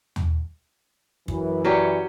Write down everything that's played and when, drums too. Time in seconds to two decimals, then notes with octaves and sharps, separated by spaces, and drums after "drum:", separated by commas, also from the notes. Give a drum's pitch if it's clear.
0.16 drum: tom
1.28 F#2 E3, drum: kick
1.65 F#3 C#4 G4 C#5 D5